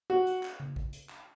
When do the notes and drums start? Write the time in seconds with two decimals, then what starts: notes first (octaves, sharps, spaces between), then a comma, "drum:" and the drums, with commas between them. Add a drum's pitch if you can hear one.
0.10 F#4
0.27 drum: hi-hat
0.43 drum: clap
0.60 drum: tom C#3
0.76 drum: kick
0.93 drum: hi-hat
1.09 drum: clap